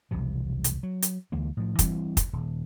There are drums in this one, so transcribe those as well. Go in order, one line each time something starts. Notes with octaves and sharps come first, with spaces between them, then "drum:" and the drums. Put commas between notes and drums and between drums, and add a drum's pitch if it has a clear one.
E1 C2 C3 F3
drum: hi-hat
F#3
drum: hi-hat
D2 E3 G#3 A#3
A2 F3
E3 G3 A#3 C4, drum: kick, hi-hat
drum: kick, hi-hat
D#1